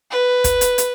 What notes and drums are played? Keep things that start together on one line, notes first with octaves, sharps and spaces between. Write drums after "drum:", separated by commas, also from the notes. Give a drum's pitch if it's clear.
B4
drum: kick, hi-hat
drum: hi-hat
drum: hi-hat